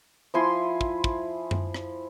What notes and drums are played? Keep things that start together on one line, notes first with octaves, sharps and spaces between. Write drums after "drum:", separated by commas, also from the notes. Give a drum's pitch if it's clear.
F3 E4 G#5 C6
drum: kick
drum: kick
drum: tom F#2
drum: rim click